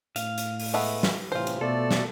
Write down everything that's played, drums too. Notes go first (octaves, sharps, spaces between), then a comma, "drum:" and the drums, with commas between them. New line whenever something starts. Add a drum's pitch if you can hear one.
A2 F5, drum: hi-hat
drum: hi-hat
drum: open hi-hat
G#3 A3 B3
drum: snare
A2 C3 E3 F4 C5
drum: hi-hat
B2 A3 A4 D5
drum: snare